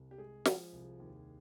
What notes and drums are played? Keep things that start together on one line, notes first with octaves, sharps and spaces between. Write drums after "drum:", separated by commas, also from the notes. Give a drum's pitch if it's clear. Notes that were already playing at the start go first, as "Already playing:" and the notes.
Already playing: C2
G4
G#3 G#4
F3, drum: snare
C2
D#2